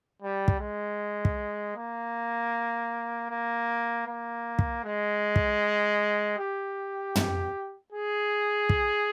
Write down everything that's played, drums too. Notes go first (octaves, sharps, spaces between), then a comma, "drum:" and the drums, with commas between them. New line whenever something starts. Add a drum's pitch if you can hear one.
G3
drum: kick
G#3
drum: kick
A#3
A#3
A#3
drum: kick
G#3
drum: kick
G4
drum: tom
G#4
drum: kick